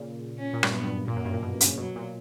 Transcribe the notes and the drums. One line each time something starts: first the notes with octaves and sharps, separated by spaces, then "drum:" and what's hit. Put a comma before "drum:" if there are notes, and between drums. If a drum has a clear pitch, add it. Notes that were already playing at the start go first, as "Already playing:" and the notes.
Already playing: A#2 C#3
C#4
A#2
G2, drum: rim click
F#2 B3
G2
A#2 A#3
F#2
G2
A#2
B2
C#3, drum: hi-hat
B2 F#3
A#2